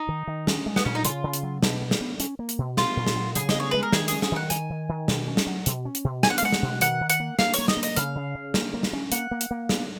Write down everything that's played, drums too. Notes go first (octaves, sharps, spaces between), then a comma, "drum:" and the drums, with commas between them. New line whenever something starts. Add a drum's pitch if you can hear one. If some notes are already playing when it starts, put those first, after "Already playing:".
Already playing: D#4
D#3
D#3
C#4, drum: snare
G#3
B3, drum: snare
A#2 C#4
D#4
C#3 F4, drum: hi-hat
C#3
drum: hi-hat
F#3
B2, drum: snare
B3
drum: snare
B3
C#4, drum: hi-hat
A#3
drum: hi-hat
B2
B3 F4, drum: snare
A#2
drum: snare
F#3
C#3 G#4, drum: hi-hat
D#5, drum: snare
B3
C#5
G#3 B4
A#4
D#3 G#4, drum: snare
C#4 G#4, drum: hi-hat
G#4, drum: snare
D#3 F#5
D#3 G#5, drum: hi-hat
D#3
D#3
B2, drum: snare
C#4
drum: snare
F#3
B2, drum: hi-hat
C#4
drum: hi-hat
B2
B3 G#5, drum: snare
F#5
F5, drum: hi-hat
G#3 F#5
drum: snare
B2
D#3 F#5, drum: hi-hat
D#3
F#5, drum: hi-hat
A#3
A#3 F5, drum: snare
A#3 C#5, drum: hi-hat
D#5, drum: snare
A#3
D#5, drum: hi-hat
C#3 F5, drum: hi-hat
C#3
C#3
A#3, drum: snare
A#3
drum: snare
C#4
A#3 F#5, drum: hi-hat
A#3
drum: hi-hat
A#3
B3, drum: snare